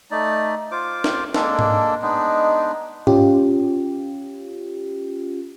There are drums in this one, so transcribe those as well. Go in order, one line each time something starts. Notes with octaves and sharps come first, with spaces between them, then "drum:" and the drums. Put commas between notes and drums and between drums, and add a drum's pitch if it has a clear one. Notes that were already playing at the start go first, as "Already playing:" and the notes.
A3 D#4 D5
F4 C5 D6
drum: snare
G#3 A#3 D4 A4, drum: snare
drum: tom G#2
G#3 B3 D4 D#4
C#4 F4 G4, drum: tom G#2